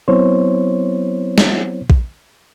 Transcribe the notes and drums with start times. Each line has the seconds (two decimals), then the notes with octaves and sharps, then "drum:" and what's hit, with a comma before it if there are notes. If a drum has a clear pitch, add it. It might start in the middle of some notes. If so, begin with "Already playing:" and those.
0.08 F#3 B3 C4 E4 C5 C#5
1.38 drum: snare
1.90 drum: kick